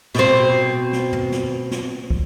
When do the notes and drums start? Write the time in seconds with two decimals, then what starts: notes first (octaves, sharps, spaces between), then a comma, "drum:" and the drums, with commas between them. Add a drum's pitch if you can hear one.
0.15 B2 C4, drum: snare
0.93 drum: snare
1.12 drum: tom
1.32 drum: snare
1.71 drum: snare
2.10 drum: kick